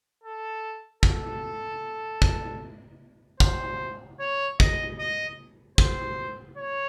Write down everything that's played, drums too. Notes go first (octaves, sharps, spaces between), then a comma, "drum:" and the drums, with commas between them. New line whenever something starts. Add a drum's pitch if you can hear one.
A4
A4, drum: kick
drum: kick
C5, drum: kick
C#5
D#5, drum: kick
D#5
C5, drum: kick
C#5